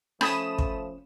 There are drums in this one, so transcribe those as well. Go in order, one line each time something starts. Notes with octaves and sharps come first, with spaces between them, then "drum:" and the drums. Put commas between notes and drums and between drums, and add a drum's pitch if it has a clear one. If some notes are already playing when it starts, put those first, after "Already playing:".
F3 A3 C#4 B5 D#6 E7, drum: rim click
drum: kick